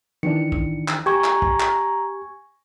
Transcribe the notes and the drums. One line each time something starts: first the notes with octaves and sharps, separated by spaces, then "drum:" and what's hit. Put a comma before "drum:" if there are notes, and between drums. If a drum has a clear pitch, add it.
D#3 E3 D4 C#7
drum: kick A#1
drum: clap
G4 G#5 A#5 C#6 G#6
drum: clap
drum: kick A#1
drum: clap